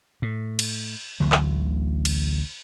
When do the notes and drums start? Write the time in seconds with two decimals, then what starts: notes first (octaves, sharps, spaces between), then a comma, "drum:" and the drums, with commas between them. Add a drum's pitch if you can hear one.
0.22 A2
0.59 drum: cymbal
1.20 A1 D2 D3 F#3
1.32 drum: clap
2.05 drum: cymbal